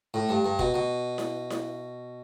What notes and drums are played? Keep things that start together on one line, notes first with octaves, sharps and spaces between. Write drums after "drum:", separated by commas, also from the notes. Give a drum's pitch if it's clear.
A2
G2
G2
B2, drum: kick
B2
drum: snare E4
drum: snare E4